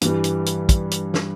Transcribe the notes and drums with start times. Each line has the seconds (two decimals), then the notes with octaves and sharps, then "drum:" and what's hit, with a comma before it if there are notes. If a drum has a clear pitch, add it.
0.01 G2 E3 G3, drum: hi-hat
0.24 drum: hi-hat
0.46 drum: hi-hat
0.69 drum: kick, hi-hat
0.91 drum: hi-hat
1.14 drum: snare